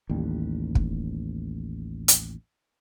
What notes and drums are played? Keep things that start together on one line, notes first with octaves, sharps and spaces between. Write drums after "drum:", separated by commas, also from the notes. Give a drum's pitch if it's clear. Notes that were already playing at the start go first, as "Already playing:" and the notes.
A1 D#2 G3
drum: kick
drum: hi-hat